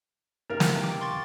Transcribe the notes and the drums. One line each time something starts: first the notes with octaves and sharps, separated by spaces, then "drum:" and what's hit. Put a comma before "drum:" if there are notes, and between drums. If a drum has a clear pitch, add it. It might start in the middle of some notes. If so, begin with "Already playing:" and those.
C3 D#4 A#4 F5
drum: snare
G5 D6
C6 C#6 A6